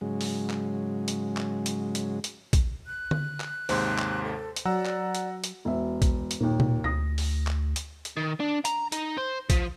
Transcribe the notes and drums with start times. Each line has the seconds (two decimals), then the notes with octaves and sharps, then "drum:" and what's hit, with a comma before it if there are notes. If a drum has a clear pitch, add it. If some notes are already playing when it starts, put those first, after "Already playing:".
0.01 G#2 C#3 F#3 G#3
0.21 drum: open hi-hat
0.50 drum: clap
1.08 drum: hi-hat
1.37 drum: clap
1.66 drum: hi-hat
1.95 drum: hi-hat
2.24 drum: hi-hat
2.53 drum: kick A#1, hi-hat
2.86 F#6
3.11 drum: tom D3
3.40 drum: clap
3.69 D#2 G#2 C3 C5, drum: open hi-hat
3.98 drum: clap
4.24 A4
4.56 drum: hi-hat
4.66 F#3 D5 F#5 A#5 E6
4.85 drum: clap
5.15 drum: hi-hat
5.44 drum: hi-hat
5.65 E1 E5
6.02 drum: kick A#1, hi-hat
6.31 drum: hi-hat
6.41 D#2 A#2 A#3
6.60 drum: tom B2
6.84 D2 D#6 A#6
7.18 drum: open hi-hat
7.47 drum: clap
7.76 drum: hi-hat
8.05 drum: hi-hat
8.17 D#3
8.40 D4
8.65 A#5, drum: hi-hat
8.92 D#4, drum: hi-hat
9.17 C5
9.50 F3, drum: kick A#1, hi-hat